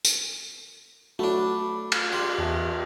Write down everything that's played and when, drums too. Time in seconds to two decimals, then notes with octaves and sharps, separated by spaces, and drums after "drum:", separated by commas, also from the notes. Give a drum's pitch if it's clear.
0.05 drum: tambourine
1.19 A3 D4 F#4 B5
1.92 drum: cymbal
2.13 G4 C6
2.38 E2 E5 A5